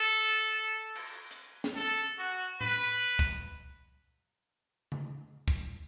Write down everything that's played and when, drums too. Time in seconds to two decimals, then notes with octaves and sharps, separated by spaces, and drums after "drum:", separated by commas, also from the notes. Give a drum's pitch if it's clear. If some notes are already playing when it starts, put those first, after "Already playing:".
Already playing: A4
0.95 drum: cymbal
1.31 drum: hi-hat
1.64 drum: snare
1.76 A4
2.19 F#4
2.61 B4, drum: tom A2
3.19 drum: kick
4.92 drum: tom C#3
5.48 drum: kick